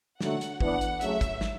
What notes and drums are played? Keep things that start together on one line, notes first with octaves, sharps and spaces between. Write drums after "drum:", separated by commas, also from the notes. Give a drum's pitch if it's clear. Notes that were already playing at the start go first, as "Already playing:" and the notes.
D3 F#3 A3 F#5, drum: snare
drum: hi-hat
E3 B3 D4 F#5, drum: kick
drum: hi-hat
C#3 F#3 A3 E5, drum: hi-hat
drum: kick, hi-hat
drum: snare